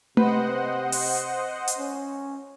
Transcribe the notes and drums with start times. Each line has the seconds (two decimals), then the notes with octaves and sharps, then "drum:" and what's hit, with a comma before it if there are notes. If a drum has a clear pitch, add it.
0.17 C3 B4 C5 D#5 F#5, drum: tom A3
0.92 drum: open hi-hat
1.68 drum: hi-hat
1.78 C#4